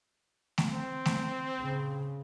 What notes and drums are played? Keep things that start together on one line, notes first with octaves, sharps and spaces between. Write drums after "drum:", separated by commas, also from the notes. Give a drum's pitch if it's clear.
drum: snare A3
C4
drum: snare A3
C#3